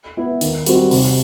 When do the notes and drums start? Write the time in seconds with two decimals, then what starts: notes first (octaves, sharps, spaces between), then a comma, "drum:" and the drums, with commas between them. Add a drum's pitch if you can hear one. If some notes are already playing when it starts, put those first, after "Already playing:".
0.17 B3 E4
0.41 D#3, drum: hi-hat
0.66 G3 C4 F#4, drum: hi-hat
0.91 C3, drum: open hi-hat